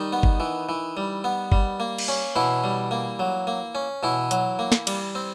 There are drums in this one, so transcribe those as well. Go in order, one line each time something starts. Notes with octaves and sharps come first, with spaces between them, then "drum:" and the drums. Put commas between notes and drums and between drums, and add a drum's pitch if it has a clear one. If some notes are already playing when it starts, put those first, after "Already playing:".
Already playing: D#3 G3 D#4
B3
drum: kick
E3
E3
G3
B3
G3, drum: kick
A#3
drum: cymbal
C#4
B2 E3 E4
G3
A#3
F#3
A#3
C#4
B2 E3 E4
F#3, drum: hi-hat
A#3
drum: snare
G3, drum: cymbal
C4